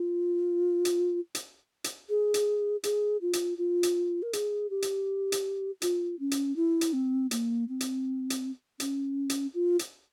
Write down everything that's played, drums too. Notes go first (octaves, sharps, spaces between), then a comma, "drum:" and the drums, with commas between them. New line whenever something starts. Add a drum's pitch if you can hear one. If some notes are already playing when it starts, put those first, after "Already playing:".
Already playing: F4
drum: hi-hat
drum: hi-hat
drum: hi-hat
G#4
drum: hi-hat
G#4, drum: hi-hat
F4
drum: hi-hat
F4
drum: hi-hat
A#4
G#4, drum: hi-hat
G4
drum: hi-hat
drum: hi-hat
F4, drum: hi-hat
C#4
drum: hi-hat
E4
drum: hi-hat
C4
A#3, drum: hi-hat
C4
drum: hi-hat
drum: hi-hat
C#4, drum: hi-hat
drum: hi-hat
F4
drum: hi-hat